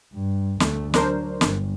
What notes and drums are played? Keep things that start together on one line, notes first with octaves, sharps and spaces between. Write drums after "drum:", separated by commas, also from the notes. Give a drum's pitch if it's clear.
G2
D2 A3, drum: snare
F#3 D4 A#4 C5, drum: snare
G1, drum: snare